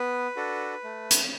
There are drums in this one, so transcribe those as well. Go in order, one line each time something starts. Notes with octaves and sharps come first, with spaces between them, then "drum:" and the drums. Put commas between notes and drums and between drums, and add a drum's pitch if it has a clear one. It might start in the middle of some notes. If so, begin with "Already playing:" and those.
Already playing: B3 B4
D4 F#4 A4
A3
drum: hi-hat